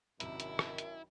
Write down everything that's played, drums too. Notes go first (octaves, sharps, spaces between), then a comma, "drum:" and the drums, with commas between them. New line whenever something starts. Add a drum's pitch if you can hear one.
G#1 F#2 C3 D#3 E4 A#4, drum: hi-hat
drum: hi-hat
drum: rim click
drum: hi-hat